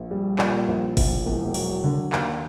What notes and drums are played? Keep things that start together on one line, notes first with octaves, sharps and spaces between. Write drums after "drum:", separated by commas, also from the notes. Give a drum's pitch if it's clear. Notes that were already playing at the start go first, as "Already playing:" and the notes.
Already playing: A#1
G3
A#2 D5, drum: clap
A#1
A#1, drum: kick G1, open hi-hat
E1
F#3, drum: open hi-hat
D3
D#2, drum: clap